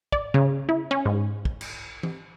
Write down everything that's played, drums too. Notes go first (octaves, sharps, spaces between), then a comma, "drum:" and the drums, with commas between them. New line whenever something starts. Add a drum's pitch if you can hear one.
D5, drum: kick
C#3
E4
C#4
G#2
drum: kick
drum: cymbal
drum: tom E3